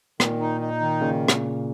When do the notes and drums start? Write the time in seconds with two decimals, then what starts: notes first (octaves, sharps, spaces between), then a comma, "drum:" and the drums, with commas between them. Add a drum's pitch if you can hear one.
0.20 A#2 D#3, drum: rim click
0.40 D#4
0.61 D#4
0.80 D#3
1.01 A#2 C#3
1.28 drum: rim click